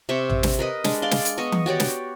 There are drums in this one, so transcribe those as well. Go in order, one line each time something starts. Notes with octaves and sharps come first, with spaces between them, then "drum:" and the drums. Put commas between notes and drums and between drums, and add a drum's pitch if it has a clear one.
C3 E5 C#6
drum: tom A1
drum: snare
A#4 B4 D#5
G#3 D4, drum: snare
D5 F5 C6
drum: snare
drum: hi-hat
B3 D#5 C#6
drum: tom E3
F#4 G4 C#5 D5
drum: snare